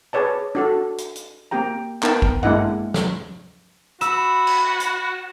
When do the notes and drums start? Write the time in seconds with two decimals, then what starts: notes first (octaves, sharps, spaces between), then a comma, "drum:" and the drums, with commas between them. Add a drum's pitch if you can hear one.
0.13 G#4 B4 C#5 D5 A5
0.55 D4 F#4 A4
0.98 drum: hi-hat
1.16 drum: hi-hat
1.51 A#3 C4 G4 G5 A#5
2.03 B3 D#4 A#4 G5 A5, drum: clap
2.22 drum: kick
2.43 G#3 A#3 D4 E4 D#5 F#5, drum: tom G2
2.94 drum: snare
4.01 F#4 B5 E6 E7, drum: hi-hat
4.47 drum: cymbal
4.80 drum: hi-hat